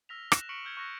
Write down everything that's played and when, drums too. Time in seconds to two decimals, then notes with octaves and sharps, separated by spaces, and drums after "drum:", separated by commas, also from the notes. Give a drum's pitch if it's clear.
0.09 E6 F6 A#6 B6 F7
0.32 F#6 A#6 E7, drum: rim click
0.49 C#6 F6 B6 C#7 D7 F#7
0.65 F6 G6 G#6 C#7
0.77 C#6 E6 F#6 A#6